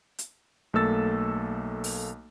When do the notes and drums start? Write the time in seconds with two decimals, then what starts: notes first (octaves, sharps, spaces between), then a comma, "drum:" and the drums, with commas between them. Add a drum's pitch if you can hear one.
0.19 drum: hi-hat
0.73 B1 A3 A#3 A4 E6 A6
1.84 drum: open hi-hat